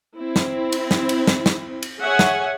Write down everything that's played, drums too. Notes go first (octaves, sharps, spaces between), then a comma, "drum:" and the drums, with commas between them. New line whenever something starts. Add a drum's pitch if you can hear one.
C4 E4
drum: snare
drum: cymbal
drum: snare
drum: cymbal
drum: snare
drum: snare
drum: cymbal
G#4 C#5 E5 F#5 G#5
drum: snare